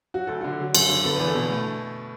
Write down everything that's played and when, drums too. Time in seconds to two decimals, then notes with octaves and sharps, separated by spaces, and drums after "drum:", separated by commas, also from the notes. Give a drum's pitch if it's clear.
0.14 F#3 F#4
0.27 D2 A4
0.41 D3 F#4
0.59 F#3
0.75 F#2, drum: cymbal
0.89 D3
1.04 B3 A4
1.16 E2 B4
1.27 A4
1.35 B2
1.50 A3